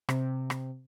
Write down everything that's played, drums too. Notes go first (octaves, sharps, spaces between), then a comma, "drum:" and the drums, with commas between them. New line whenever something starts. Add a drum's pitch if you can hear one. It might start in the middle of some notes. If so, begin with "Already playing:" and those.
C3, drum: rim click
drum: rim click